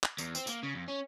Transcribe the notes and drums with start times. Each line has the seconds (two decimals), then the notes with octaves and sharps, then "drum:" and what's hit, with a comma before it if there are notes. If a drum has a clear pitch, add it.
0.04 drum: clap
0.18 E2, drum: tambourine
0.35 C4, drum: tambourine
0.47 A#3, drum: tambourine
0.63 C#3
0.74 F2
0.88 C#4